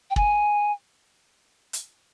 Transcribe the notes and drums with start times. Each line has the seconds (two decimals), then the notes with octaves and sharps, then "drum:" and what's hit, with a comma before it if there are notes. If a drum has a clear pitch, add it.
0.11 G5
0.16 G#5, drum: kick
1.73 drum: hi-hat